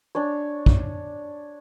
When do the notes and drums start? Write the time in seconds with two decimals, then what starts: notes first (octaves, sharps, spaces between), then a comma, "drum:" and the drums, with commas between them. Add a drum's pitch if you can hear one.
0.15 D4 C#5
0.66 drum: kick